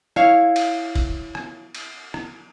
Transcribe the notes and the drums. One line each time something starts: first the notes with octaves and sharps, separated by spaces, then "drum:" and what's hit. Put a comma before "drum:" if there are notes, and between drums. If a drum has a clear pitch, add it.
E4 C#5 F5, drum: rim click
drum: cymbal
drum: kick, cymbal
drum: rim click
drum: cymbal
drum: rim click